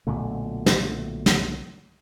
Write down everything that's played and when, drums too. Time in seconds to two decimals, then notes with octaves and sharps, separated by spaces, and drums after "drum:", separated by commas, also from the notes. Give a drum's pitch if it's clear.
0.07 B1 A#2 D3 A3
0.66 drum: snare
1.26 drum: snare